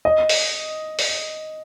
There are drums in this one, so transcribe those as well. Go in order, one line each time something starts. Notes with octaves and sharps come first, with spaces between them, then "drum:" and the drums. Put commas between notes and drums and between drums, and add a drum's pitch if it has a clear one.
D#5
drum: open hi-hat
drum: open hi-hat